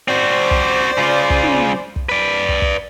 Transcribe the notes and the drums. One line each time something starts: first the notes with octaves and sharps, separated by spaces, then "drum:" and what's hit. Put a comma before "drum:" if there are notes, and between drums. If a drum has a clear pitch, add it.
C4 F#4 C5 D5
drum: kick
C#3 F4
drum: kick
drum: tom
drum: kick
B4 D5
drum: kick
drum: kick